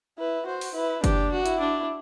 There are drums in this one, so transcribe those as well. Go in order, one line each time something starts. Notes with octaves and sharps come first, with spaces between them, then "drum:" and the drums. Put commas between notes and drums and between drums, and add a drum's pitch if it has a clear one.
E4 B4
F#4 C5
drum: open hi-hat
E4 B4
D4 G4, drum: kick F#1, hi-hat
F#4
E4, drum: hi-hat
D4